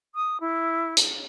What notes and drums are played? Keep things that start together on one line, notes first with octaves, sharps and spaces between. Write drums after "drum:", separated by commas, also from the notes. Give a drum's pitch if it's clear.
D#6
E4
drum: hi-hat